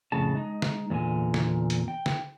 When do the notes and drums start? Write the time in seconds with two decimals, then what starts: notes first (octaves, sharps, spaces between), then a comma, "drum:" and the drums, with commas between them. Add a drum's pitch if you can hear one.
0.12 F2 A2 C#3 A5
0.35 G#3 D#4
0.62 drum: snare
0.90 E2 A#2 D3 G#5
1.34 drum: snare
1.70 drum: hi-hat
1.88 G5
2.06 drum: snare